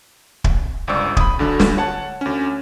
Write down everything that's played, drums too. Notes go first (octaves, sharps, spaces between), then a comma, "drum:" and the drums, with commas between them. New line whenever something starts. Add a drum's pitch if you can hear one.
drum: kick
G1 C#2 C5 D5 C#6 E6
B5 D#6, drum: kick
D2 D3 F#3 B5
drum: snare
C#5 F#5 A5
D2 C#4